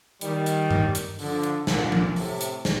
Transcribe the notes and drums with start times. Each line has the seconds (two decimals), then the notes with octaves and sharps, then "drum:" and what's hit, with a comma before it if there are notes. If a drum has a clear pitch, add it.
0.21 D#3 G3, drum: hi-hat
0.46 drum: hi-hat
0.71 drum: tom G2
0.95 drum: hi-hat
1.19 D3 F3, drum: open hi-hat
1.43 drum: hi-hat
1.67 A#2 D3, drum: snare
1.92 drum: tom F3
2.16 A2 C3, drum: open hi-hat
2.41 drum: hi-hat
2.65 drum: snare